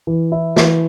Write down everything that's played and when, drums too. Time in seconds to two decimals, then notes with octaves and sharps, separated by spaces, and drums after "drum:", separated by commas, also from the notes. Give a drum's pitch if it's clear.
0.07 E3
0.32 E4
0.56 E3, drum: snare